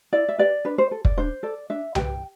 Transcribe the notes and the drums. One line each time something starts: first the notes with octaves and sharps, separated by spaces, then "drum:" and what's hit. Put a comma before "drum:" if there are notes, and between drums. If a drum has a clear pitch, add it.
E4 D5
E5
G4 B4 D5
D4 B4
C5
A4
D5, drum: kick
D4 C5
A4 D5
D4 E5
G4 B4 G5, drum: tom C2